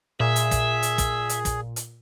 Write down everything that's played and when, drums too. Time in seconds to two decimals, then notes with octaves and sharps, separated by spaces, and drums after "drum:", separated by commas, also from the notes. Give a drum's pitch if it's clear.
0.20 A#2 G#4 E5
0.36 drum: hi-hat
0.51 drum: kick, hi-hat
0.83 drum: hi-hat
0.98 drum: kick, hi-hat
1.29 drum: hi-hat
1.45 drum: kick, hi-hat
1.76 drum: hi-hat